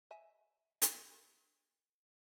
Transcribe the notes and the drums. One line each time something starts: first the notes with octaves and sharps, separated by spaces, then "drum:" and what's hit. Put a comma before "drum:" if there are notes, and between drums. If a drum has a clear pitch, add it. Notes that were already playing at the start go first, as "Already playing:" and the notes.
D#5 E5 G#5
drum: hi-hat